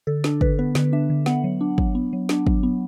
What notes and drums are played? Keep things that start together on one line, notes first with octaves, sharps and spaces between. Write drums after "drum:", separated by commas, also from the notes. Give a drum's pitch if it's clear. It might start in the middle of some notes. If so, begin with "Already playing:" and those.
D3 A4
D4 A4, drum: snare
D3 B4, drum: kick
B3 B4
D3 B4, drum: snare
D4 E5
D3
B3 F#5, drum: snare
F#3
D4
F#3, drum: kick
B3
F#3
D4, drum: snare
F#3, drum: kick
B3